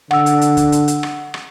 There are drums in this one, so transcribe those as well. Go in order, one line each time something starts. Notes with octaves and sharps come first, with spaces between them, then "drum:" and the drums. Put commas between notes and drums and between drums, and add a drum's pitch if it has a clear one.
D3 F#5 E6, drum: rim click
drum: hi-hat
drum: hi-hat
drum: kick, hi-hat
drum: hi-hat
drum: hi-hat
drum: rim click
drum: rim click